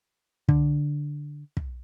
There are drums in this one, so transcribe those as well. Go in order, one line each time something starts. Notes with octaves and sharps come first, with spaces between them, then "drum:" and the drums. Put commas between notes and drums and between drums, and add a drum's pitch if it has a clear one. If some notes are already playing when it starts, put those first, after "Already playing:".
D3, drum: kick
drum: kick